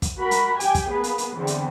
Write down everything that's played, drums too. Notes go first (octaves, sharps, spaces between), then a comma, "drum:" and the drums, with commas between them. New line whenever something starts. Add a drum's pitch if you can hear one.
drum: kick, hi-hat
F#4 A#4 B5
drum: hi-hat
G4 G5 G#5, drum: hi-hat
drum: kick, hi-hat
A#3 B3 G#4 B4
drum: hi-hat
drum: hi-hat
E2 D3 E3 C4
drum: hi-hat